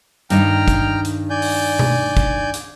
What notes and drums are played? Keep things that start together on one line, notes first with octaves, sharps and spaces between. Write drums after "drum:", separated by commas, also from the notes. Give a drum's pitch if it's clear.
G2 D#3 D#4 G5 A#5 F6, drum: hi-hat
drum: kick, hi-hat
drum: hi-hat
D5 G#5 G6
drum: open hi-hat
drum: tom B2
drum: kick, hi-hat
drum: hi-hat